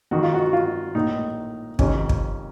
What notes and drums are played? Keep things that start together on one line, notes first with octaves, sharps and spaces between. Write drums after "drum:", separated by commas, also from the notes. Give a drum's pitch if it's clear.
F2 D#3 F#4
F4
F#4
F4
A#1 A2 D#4
F2 C3 D#3 C#4, drum: kick
drum: kick